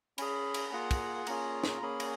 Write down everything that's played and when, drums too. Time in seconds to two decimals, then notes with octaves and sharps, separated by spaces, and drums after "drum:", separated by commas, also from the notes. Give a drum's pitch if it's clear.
0.18 C#4 G#4 B5, drum: cymbal
0.54 drum: cymbal
0.73 A#3 F4 G#4 F#5
0.91 drum: kick, cymbal
1.27 A#3 C#4 F4 G#4 A#5, drum: cymbal
1.63 drum: snare
1.82 A#3 C#4 G#4 B5
2.00 drum: cymbal